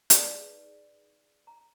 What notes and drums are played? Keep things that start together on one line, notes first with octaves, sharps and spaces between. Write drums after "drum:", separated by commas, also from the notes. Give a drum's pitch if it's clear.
D#4 G#4 B4 D5, drum: hi-hat
A#5